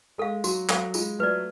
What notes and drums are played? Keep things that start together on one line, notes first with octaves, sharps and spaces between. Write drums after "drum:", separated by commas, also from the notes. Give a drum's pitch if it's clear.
G#3 A4 F5
F#3 F#4, drum: tambourine
F#3 A4 F5, drum: clap
G#3 F4, drum: tambourine
F#3 A3 B4 D5